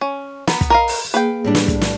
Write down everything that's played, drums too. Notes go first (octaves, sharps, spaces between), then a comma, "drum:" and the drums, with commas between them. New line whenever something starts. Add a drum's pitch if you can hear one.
C#4
B3 A#5 B5, drum: snare
drum: kick, hi-hat
A#4 D#5 F5
drum: open hi-hat
A#3 G#4 B4 F5 G5, drum: hi-hat
A2 G3 D4
drum: snare
drum: kick, hi-hat
drum: snare